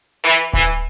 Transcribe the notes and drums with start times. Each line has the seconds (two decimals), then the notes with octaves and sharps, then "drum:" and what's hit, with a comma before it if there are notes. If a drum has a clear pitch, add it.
0.24 E3
0.53 E3, drum: kick D1